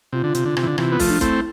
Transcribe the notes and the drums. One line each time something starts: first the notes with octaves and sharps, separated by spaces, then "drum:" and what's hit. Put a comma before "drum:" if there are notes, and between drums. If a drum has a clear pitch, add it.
C3 F4
D3
C3, drum: hi-hat
D3
C3, drum: rim click
E3
D3
C3 E3, drum: rim click
B3
F3 A3, drum: kick, open hi-hat
D4
A3 C4 E4, drum: kick, hi-hat